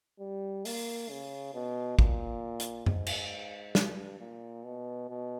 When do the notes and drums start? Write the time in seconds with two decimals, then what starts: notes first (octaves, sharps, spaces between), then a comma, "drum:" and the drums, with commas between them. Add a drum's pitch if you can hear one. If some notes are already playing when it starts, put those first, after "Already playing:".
0.20 G3
0.65 A#3, drum: open hi-hat
1.10 C#3
1.54 B2
1.99 A#2, drum: kick
2.60 drum: hi-hat
2.86 G#2, drum: tom F#2
3.06 drum: cymbal
3.75 G2, drum: snare
4.20 A#2
4.64 B2
5.09 B2